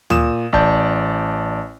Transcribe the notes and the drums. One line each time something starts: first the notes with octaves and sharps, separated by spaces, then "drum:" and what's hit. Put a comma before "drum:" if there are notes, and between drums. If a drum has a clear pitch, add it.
A#2 D#6 E7, drum: tom D2
A1 D5 A5 G6, drum: kick